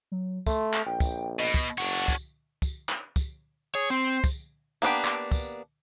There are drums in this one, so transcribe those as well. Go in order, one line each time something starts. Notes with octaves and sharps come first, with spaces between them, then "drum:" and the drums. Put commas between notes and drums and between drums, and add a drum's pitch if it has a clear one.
F#3
A3 C6, drum: kick, tambourine
drum: clap
A#1 G5
drum: kick, tambourine
B2 D#5
drum: kick, tambourine
F#1 D4 C#5 F#5
drum: kick, tambourine
drum: kick, tambourine
drum: clap
drum: kick, tambourine
G#4 C#5
C4 C5
drum: kick, tambourine
A#3 B3 D4 G4
drum: clap
drum: kick, tambourine